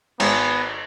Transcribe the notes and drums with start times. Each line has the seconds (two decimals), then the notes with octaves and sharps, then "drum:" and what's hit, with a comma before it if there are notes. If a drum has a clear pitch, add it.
0.20 G#1 B3, drum: cymbal